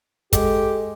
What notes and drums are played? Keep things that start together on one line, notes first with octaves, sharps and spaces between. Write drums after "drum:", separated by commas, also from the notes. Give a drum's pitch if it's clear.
G#3 G4 A4, drum: kick, hi-hat